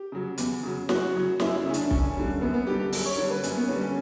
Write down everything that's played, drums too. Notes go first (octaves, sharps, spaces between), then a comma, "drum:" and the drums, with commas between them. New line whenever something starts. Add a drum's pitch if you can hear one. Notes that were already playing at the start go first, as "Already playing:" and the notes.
Already playing: G4
C#3 F#3
E2, drum: hi-hat
C#3 F#3
F#2 F#4, drum: snare
C#3 F#3
F#2 E4, drum: snare
E4
C#3 F#3 C#4
D4, drum: hi-hat
F#2 C#4, drum: kick B1
D3 G3
F#2 B3
B3
D3 G3 G4
G4
F#2, drum: open hi-hat
C#5
D3 G3 C#5
B4
F#2 C#4, drum: hi-hat
B3
D3 G3 C#4
C#4